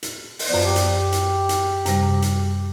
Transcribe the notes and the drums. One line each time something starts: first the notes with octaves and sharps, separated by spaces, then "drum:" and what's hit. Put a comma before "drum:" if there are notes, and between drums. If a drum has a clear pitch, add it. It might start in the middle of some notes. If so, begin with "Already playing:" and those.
drum: hi-hat
drum: open hi-hat
F#2 F3 B3 D5
G4
drum: hi-hat
drum: hi-hat
drum: hi-hat
F#2 C3 G3, drum: hi-hat
drum: hi-hat